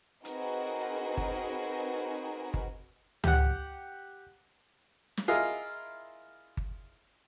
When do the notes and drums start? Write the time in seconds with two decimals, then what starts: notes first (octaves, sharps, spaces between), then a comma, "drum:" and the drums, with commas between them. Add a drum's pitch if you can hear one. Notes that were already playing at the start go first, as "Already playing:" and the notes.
0.25 C4 D#4 F#4 G#4 A#4 B4, drum: hi-hat
1.17 drum: kick G1
2.54 drum: kick G1
3.24 G4 F#5, drum: tom C#2
5.17 drum: snare
5.28 E4 F4 G#4 A#4 D#5
6.57 drum: kick G1